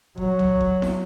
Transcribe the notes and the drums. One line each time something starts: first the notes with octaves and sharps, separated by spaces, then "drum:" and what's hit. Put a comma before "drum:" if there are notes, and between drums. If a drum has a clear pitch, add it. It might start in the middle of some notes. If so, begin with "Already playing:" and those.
F#3, drum: kick F#1
drum: tom
drum: kick F#1
drum: snare E4